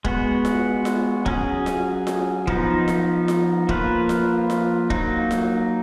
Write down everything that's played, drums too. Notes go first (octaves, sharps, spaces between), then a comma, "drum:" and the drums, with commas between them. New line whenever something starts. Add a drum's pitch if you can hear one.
G#3 B3 F#4, drum: kick
drum: snare F4
drum: snare F4
F#3 C#4 G#4, drum: kick
drum: snare F4
drum: snare F4
F3 B3 D#4, drum: kick
drum: snare F4
drum: snare F4
F3 A#3 F4 B4, drum: kick
drum: snare F4
drum: snare F4
F#3 A#3 D#4, drum: kick
drum: snare F4